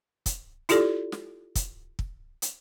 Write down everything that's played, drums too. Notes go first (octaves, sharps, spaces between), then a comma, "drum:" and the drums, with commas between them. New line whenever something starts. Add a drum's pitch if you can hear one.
drum: kick, hi-hat
E4 F4 G4 A4 D5, drum: hi-hat
drum: snare
drum: kick, hi-hat
drum: kick
drum: hi-hat